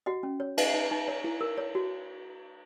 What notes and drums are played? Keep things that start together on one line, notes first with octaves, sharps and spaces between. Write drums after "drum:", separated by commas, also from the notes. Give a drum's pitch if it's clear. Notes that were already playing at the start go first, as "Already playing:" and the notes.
F#4 D#5 F#5
C#4
C#5
D#4, drum: cymbal
D#4
D#4
C#5
E4
A#4
C#5
F#4